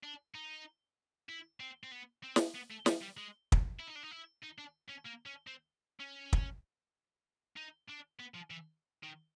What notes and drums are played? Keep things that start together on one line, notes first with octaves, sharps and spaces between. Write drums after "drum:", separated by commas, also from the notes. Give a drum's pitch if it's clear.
D4
D#4
E4
C4
C4
B3
C4
drum: snare
B3
A3
G3, drum: snare
G3
G#3
drum: kick
E4
D#4
D4
D#4
E4
D#4
D4
C#4
A#3
C#4
C4
C#4
drum: kick
D#4
D4
B3
F3
E3
D#3